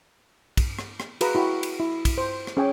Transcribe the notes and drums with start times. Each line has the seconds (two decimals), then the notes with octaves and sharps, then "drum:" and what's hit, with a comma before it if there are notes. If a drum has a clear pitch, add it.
0.57 drum: kick, cymbal
0.79 drum: rim click
1.00 drum: rim click
1.21 F#4 G#4 B4 F5 A#5, drum: cymbal
1.35 E4 F#4 G5 B5
1.63 drum: cymbal
1.80 E4
2.05 drum: kick, cymbal
2.18 C5
2.47 drum: rim click
2.57 C#4 G#4 C#5 G5 G#5